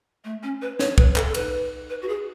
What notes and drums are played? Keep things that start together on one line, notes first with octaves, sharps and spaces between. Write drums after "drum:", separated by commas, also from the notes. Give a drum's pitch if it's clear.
A3
C#4
B4
C#5, drum: snare
B4, drum: kick
A4, drum: clap
A4
B4, drum: cymbal
B4
F#4
G#4